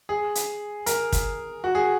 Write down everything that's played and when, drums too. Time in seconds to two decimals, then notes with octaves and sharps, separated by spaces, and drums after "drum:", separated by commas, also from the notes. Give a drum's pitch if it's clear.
0.09 G#4
0.35 drum: hi-hat
0.86 A#4, drum: hi-hat
1.13 drum: kick, hi-hat
1.64 F#4
1.75 G#4